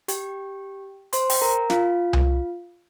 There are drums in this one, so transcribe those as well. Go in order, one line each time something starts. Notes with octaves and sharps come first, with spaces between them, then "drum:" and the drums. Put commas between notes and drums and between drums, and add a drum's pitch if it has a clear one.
G4 G5, drum: hi-hat
C5 C6, drum: hi-hat
G5, drum: open hi-hat
A#4 A#5
F4 F5, drum: snare
drum: tom C2